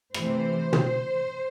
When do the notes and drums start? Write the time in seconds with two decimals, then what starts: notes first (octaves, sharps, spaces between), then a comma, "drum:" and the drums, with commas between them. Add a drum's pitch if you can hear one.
0.14 C3 E3 A3 C5, drum: rim click
0.73 drum: tom